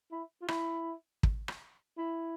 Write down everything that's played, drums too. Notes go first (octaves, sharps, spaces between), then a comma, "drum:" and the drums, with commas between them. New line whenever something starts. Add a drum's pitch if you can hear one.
E4
F4
E4, drum: rim click
drum: kick
drum: rim click
E4